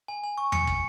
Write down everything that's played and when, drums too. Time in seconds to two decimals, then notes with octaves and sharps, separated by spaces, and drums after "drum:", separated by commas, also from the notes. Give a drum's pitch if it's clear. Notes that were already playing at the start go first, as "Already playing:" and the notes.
0.08 G#5
0.24 G#5
0.38 C#6
0.52 G#5 C#7, drum: tom E2
0.67 G#5, drum: kick